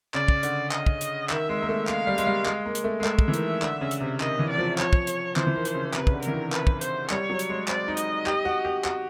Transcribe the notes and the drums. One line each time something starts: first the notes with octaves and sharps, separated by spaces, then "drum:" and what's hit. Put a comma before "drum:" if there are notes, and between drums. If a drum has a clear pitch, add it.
C#3 D5, drum: clap
drum: kick
D3, drum: hi-hat
D#5, drum: clap
drum: kick
drum: hi-hat
D#3 E5, drum: clap
G#3
A#3
A3
G#3 F5, drum: clap
G3
G#3, drum: hi-hat
G3
G#3, drum: clap
A#3
drum: hi-hat
A3
G#3
A3 E5, drum: clap
drum: kick
E3
D#3, drum: hi-hat
D3, drum: clap
C#3
drum: hi-hat
C3
D#3 D#5, drum: clap
E3
D5
F3
F3 C#5, drum: clap
drum: kick
drum: hi-hat
E3 C5, drum: clap
E3
D#3
drum: hi-hat
C#3
C3 B4, drum: clap
C#3, drum: kick
D3
E3 A#4, drum: hi-hat
D#3
B4, drum: clap
drum: kick
C5, drum: hi-hat
G3 C#5, drum: clap
F#3
drum: hi-hat
G#3
C4 D5, drum: clap
D#4
D#5, drum: hi-hat
G4, drum: clap
F#4
G4
F#4, drum: clap